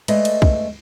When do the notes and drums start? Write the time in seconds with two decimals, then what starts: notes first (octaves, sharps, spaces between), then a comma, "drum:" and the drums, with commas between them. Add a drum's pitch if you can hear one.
0.08 G#3 A3 B4 D5 D#5, drum: cymbal
0.25 drum: cymbal
0.42 drum: kick